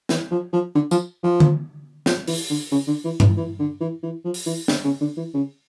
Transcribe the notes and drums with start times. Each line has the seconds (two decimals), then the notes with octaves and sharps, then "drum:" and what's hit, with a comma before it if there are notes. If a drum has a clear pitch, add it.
0.09 E3, drum: snare
0.31 F3
0.53 F3
0.75 D3
0.91 F3, drum: tambourine
1.23 F3
1.40 drum: tom D3
2.06 F3, drum: snare
2.28 E3, drum: open hi-hat
2.50 D3
2.71 C#3
2.87 D3
3.04 E3
3.20 E3, drum: tom G2
3.37 E3
3.59 D3
3.80 E3
4.03 E3
4.24 F3
4.34 drum: open hi-hat
4.46 E3
4.68 D3, drum: snare
4.84 C#3
5.01 D3
5.17 E3
5.34 C#3